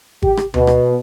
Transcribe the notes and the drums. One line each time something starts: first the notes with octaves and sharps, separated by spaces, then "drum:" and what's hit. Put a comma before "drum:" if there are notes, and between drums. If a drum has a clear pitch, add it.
G4, drum: kick G#1
drum: rim click
B2, drum: tom D2
drum: rim click